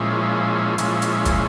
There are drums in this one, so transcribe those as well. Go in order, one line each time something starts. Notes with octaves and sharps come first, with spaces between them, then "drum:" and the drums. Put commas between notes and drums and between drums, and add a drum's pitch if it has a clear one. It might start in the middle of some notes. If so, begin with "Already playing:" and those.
Already playing: A#2 F3 G#3 C#4 E4
A#2 F3 G#3 C#4 E4, drum: hi-hat
drum: hi-hat
drum: kick, hi-hat